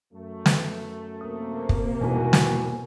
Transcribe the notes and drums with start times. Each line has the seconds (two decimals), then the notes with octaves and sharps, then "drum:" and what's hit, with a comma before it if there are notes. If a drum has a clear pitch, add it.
0.13 F#2 A3
0.46 drum: snare
1.21 C3 A#3 D#6
1.69 drum: kick
2.01 E2 G#2 B2 E3 G3 F#4 G#5
2.33 drum: snare